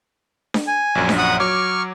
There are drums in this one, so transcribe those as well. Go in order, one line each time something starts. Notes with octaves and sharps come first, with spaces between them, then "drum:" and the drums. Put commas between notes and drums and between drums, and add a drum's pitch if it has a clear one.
drum: snare D4
G#5
A#1 F#2
drum: snare D4
F#5 D#6
F#3 C#6 D6 F6 G#6